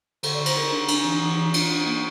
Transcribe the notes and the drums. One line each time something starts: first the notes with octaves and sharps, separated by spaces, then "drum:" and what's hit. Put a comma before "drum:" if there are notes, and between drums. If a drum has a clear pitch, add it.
D3 A4, drum: cymbal
D5
D3
C5, drum: cymbal
D3 A#4
D4
D4, drum: cymbal
E3
E3
E3
D4 F4, drum: cymbal
D4
A#3